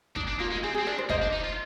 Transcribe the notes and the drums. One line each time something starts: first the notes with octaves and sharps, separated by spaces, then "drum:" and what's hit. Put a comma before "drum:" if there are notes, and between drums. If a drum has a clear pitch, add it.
D4 D#4, drum: kick
D4
A#3 F4
G#3
C4 G#4
G#4
C4
D4 A#4 D5
C5
A#3 C5 D#5, drum: kick
D4
D#4
F4